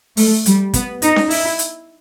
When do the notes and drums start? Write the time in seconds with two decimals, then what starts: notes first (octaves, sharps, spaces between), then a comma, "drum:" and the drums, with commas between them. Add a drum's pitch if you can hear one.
0.17 A3, drum: open hi-hat
0.46 G3, drum: hi-hat
0.74 B3, drum: kick, hi-hat
1.02 D#4, drum: hi-hat
1.16 drum: snare C#4
1.30 E4, drum: open hi-hat
1.59 drum: hi-hat